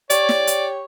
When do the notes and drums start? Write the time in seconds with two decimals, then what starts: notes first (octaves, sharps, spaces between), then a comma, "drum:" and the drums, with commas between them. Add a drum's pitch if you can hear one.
0.10 G4 C#5 D5, drum: hi-hat
0.29 drum: snare
0.47 drum: hi-hat